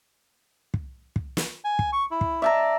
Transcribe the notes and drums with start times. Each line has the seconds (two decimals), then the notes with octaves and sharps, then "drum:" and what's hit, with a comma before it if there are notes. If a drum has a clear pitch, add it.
0.74 drum: kick
1.16 drum: kick
1.37 drum: snare
1.64 G#5
1.79 drum: kick
1.93 C#6
2.11 E4
2.21 drum: kick
2.42 D5 E5 A5 A#5